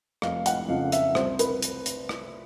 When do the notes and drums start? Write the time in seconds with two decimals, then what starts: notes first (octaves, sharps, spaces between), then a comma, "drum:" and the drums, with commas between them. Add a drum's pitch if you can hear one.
0.22 F1 F5, drum: rim click
0.46 F#5, drum: hi-hat
0.68 F2 C#3 F3 F5
0.92 E5, drum: hi-hat
1.15 C2 C5, drum: rim click
1.39 B4, drum: hi-hat
1.62 drum: hi-hat
1.86 drum: hi-hat
2.09 drum: rim click